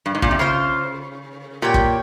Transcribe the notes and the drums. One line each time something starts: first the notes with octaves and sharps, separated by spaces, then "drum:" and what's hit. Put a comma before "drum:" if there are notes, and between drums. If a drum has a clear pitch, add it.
G2
G#2
A#2, drum: kick
C3
C#3 F4 C5 F5
A#2 G4 C#5 G5
drum: kick